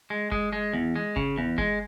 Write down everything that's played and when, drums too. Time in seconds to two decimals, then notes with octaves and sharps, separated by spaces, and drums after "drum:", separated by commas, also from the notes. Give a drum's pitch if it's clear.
0.10 G#3
0.32 G#3, drum: kick G1
0.53 G#3
0.74 E2
0.96 G#3
1.16 C#3, drum: kick G1
1.38 E2
1.58 G#3, drum: kick G1